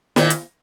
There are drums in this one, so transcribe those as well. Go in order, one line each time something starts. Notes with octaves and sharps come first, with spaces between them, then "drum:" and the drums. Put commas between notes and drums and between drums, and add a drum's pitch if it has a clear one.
A#2 D#3, drum: snare
drum: hi-hat